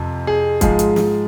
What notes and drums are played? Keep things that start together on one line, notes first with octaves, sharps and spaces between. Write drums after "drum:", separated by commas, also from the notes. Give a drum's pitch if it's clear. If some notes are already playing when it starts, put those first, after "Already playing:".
Already playing: F2 C3
G#4
G#2 F3 G#3 G#4, drum: kick, hi-hat
drum: hi-hat
drum: snare